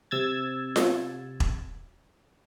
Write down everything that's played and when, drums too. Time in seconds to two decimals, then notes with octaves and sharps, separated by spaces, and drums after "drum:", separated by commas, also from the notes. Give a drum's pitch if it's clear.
0.11 C3 E6 G#6 A6
0.76 drum: snare F4
1.40 drum: kick E1